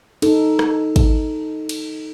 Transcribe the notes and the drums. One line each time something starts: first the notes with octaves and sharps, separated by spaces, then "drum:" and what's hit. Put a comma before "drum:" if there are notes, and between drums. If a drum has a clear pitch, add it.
D#4 A4, drum: cymbal
drum: rim click
drum: kick, cymbal
drum: cymbal